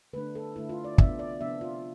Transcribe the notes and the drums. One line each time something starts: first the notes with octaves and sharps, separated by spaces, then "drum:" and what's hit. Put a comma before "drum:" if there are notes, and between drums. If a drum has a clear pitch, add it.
D3 A3 D4 B4
A4
D3 A3 D4 E4
F4
D5
C3 F3 B3 D4 E5, drum: kick
D5
C3 F3 B3 D4 E5
F4